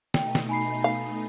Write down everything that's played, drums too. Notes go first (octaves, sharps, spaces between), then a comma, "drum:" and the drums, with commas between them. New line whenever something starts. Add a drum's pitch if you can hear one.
B2 A3 D#4 G5, drum: snare
drum: snare
G#5 B5 C7
F5